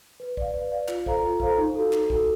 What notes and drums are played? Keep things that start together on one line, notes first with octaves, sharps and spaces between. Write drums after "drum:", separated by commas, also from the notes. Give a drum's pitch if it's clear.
B4
D5 F5, drum: kick
B4
D5 F5
F4, drum: clap
A4 C5 F5 A#5, drum: kick
F4
A4 C5 F5 A#5, drum: kick
D#4
F#4 A4
D#4, drum: clap
F#4 A4, drum: kick